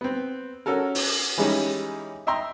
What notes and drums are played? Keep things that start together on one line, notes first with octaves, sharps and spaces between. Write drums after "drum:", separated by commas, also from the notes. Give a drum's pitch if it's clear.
B3 C4
C#4 F#4 A4 A#4
drum: open hi-hat
E3 G3 G#3 C#4 D#4
D#5 E5 G5 A#5 C6